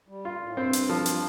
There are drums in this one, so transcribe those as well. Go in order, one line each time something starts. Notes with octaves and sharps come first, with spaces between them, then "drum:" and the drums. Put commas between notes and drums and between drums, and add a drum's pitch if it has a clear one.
G3
F4
A2
G2 C4
drum: hi-hat
F3
drum: hi-hat